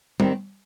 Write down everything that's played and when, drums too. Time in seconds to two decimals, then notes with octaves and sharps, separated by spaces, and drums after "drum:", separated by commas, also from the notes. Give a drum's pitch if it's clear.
0.20 D#3 G3 C4, drum: tom G3